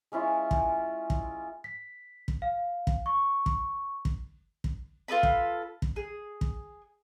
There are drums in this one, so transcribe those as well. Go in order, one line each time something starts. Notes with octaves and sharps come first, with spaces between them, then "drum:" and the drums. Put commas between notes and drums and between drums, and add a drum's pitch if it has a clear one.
G#3 C#4 E4 F4
drum: kick
drum: kick
B6
drum: kick
F5
drum: kick
C#6
drum: kick
drum: kick
drum: kick
F4 A4 B4 B5
drum: kick
drum: kick
G#4
drum: kick